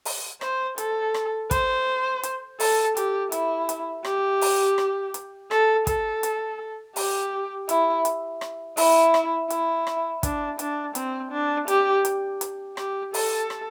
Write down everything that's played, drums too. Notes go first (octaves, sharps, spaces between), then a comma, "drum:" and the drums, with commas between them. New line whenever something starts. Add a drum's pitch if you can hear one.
drum: open hi-hat
C5, drum: rim click
A4, drum: hi-hat
drum: rim click
C5, drum: kick, hi-hat
drum: hi-hat
A4, drum: open hi-hat
G4, drum: hi-hat
E4, drum: hi-hat
drum: hi-hat
G4, drum: rim click
drum: open hi-hat
drum: rim click
drum: hi-hat
A4, drum: rim click
A4, drum: kick, hi-hat
drum: hi-hat
G4, drum: open hi-hat
E4, drum: hi-hat
drum: hi-hat
drum: rim click
E4, drum: open hi-hat
drum: rim click
E4, drum: hi-hat
drum: rim click
D4, drum: kick, hi-hat
D4, drum: hi-hat
C4, drum: hi-hat
D4
G4, drum: hi-hat
drum: hi-hat
drum: hi-hat
G4, drum: rim click
A4, drum: open hi-hat
drum: rim click